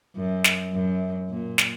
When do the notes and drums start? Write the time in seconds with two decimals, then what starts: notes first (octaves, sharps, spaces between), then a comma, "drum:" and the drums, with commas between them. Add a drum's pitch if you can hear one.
0.16 F#2
0.44 drum: snare
0.72 F#2
1.29 A#2
1.58 drum: snare